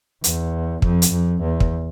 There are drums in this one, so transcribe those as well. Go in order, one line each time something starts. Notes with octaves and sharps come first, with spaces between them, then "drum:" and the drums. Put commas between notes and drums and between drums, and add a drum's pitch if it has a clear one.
E2, drum: hi-hat
F2, drum: kick
drum: hi-hat
F2
E2
drum: kick